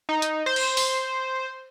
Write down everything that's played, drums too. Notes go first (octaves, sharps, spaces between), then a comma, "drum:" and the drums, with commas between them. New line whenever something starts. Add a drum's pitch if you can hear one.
D#4
drum: hi-hat
C5
drum: cymbal
drum: open hi-hat